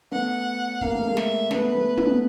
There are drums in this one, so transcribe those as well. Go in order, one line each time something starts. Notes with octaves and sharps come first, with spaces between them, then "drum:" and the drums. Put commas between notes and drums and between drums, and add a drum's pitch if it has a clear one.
A3 B3 F#5
A#3 F5, drum: kick
A3
G#3 A#3
E5, drum: snare
A3 B3 B4, drum: snare
A3 B3
A3 B3, drum: tom